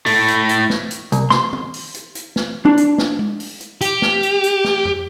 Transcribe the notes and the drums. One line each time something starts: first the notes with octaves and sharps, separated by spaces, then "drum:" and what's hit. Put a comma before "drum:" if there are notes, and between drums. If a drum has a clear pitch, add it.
A2 A3, drum: open hi-hat
drum: hi-hat
drum: hi-hat
drum: snare
drum: hi-hat
C2, drum: hi-hat
C6, drum: snare
drum: tom
drum: open hi-hat
drum: hi-hat
drum: hi-hat
drum: snare
D4
drum: hi-hat
drum: snare
drum: tom G#3
drum: open hi-hat
drum: hi-hat
G4, drum: hi-hat
drum: snare
drum: hi-hat
drum: hi-hat
drum: snare
drum: tom F2